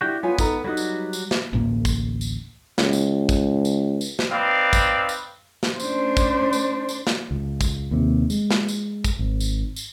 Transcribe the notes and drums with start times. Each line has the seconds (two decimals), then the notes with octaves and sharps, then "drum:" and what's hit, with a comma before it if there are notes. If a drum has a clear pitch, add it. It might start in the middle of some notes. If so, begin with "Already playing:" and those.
0.01 D4 E4 F#4 G4 G5
0.23 B3 F4 C#5 G#5
0.38 D#4 A4 A#5, drum: kick, tambourine
0.64 F#3 G3 D#4 F#4 B4
0.77 drum: tambourine
1.13 drum: tambourine
1.31 drum: snare
1.53 A1 D2 A2 A#3
1.85 drum: kick, tambourine
2.21 drum: tambourine
2.78 C#2, drum: snare
2.93 drum: tambourine
3.29 drum: kick, tambourine
3.65 drum: tambourine
4.01 drum: tambourine
4.19 drum: snare
4.31 C4 D#4 B4 D5 F5
4.73 drum: kick, tambourine
5.09 drum: tambourine
5.63 drum: snare
5.80 A3 C#4 D4 C5, drum: tambourine
6.17 drum: kick, tambourine
6.53 drum: tambourine
6.89 drum: tambourine
7.07 drum: snare
7.31 C#2
7.61 drum: kick, tambourine
7.91 D#2 C3
8.30 G#3, drum: tambourine
8.51 drum: snare
8.69 drum: tambourine
9.04 drum: kick, tambourine
9.19 G#1
9.40 drum: tambourine
9.76 drum: tambourine